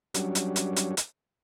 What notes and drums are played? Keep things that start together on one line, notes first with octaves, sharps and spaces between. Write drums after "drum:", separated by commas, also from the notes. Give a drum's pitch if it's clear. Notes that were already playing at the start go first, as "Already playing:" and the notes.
F#3 G3 C#4 D4, drum: hi-hat
drum: hi-hat
drum: hi-hat
drum: hi-hat
drum: hi-hat